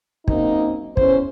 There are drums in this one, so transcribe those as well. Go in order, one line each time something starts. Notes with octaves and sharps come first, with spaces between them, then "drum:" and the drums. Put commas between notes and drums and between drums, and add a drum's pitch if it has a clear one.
F#2 A#3 C4 D#4, drum: kick
E2 C#4 C5, drum: kick